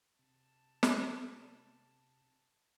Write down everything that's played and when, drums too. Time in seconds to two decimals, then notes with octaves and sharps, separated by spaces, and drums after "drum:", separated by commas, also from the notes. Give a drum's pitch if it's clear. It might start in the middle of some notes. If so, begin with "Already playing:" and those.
0.19 C3 A5
0.83 drum: snare